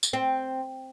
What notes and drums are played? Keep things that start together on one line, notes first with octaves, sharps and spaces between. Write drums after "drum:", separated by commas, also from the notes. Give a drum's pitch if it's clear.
drum: tambourine
C4